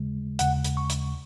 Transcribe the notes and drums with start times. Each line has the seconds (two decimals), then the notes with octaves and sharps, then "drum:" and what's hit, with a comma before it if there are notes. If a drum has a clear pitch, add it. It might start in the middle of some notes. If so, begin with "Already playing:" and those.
Already playing: D#2 C#3 G#3
0.39 D#2 C#3 G#3 F#5, drum: hi-hat
0.64 drum: hi-hat
0.77 C#6
0.90 drum: hi-hat